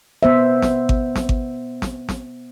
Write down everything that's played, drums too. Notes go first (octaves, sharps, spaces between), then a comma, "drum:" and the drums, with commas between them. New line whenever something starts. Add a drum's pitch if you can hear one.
B3 C5 E5
drum: snare
drum: kick G#1
drum: snare
drum: kick G#1
drum: snare
drum: snare